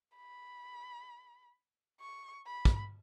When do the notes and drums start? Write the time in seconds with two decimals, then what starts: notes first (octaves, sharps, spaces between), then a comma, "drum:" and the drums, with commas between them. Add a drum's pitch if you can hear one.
0.16 B5
2.01 C#6
2.47 B5
2.65 drum: kick